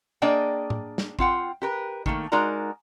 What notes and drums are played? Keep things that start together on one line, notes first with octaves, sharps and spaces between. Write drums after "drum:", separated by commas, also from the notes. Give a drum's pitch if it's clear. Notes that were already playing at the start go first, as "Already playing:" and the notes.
A#3 D4 G#4 D5 D#5 G5
drum: tom A2
drum: snare
C4 F4 F#5 G5, drum: kick
G4 A#4 B4
D#3 A3 A#3, drum: kick
G#3 D#4 F#4 A#4 D5 A#5